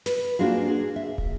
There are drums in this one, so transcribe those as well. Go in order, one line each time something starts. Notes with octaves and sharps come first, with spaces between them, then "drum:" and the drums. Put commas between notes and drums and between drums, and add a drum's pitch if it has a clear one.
B4, drum: snare
A#3 C4 D4 F4 F#4 G#4
G#4
E5
drum: kick